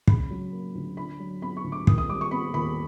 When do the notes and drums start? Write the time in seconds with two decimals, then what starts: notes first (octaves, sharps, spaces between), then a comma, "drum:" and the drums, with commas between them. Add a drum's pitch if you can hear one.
0.07 C#3 B5, drum: kick
0.30 F#3
0.52 A#3
0.75 D2
0.97 D3 B5
1.20 F#3
1.42 B3 B5
1.57 C#6
1.64 D2
1.72 D6
1.87 D#3 D#6, drum: kick
1.98 D#6
2.09 G3 D6
2.21 C#6
2.31 B3 B5
2.54 D#2 B5